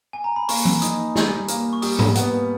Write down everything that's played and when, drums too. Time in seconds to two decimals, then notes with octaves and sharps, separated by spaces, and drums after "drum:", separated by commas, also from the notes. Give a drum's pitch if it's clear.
0.13 G#5
0.24 A#5
0.36 B5
0.49 A#3 C#6, drum: open hi-hat
0.65 drum: tom F3
0.82 D#4 D#6, drum: hi-hat
1.16 G3, drum: snare
1.48 A#3, drum: hi-hat
1.73 C#6
1.82 G3 D#6, drum: open hi-hat
1.99 drum: tom G#2
2.15 B3, drum: hi-hat